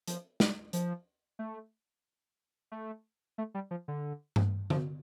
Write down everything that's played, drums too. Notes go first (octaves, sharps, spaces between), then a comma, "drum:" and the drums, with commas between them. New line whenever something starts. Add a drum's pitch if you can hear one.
F3, drum: hi-hat
G3, drum: snare
F3, drum: hi-hat
A3
A3
A3
G3
F3
D3
drum: tom G2
F3, drum: tom D3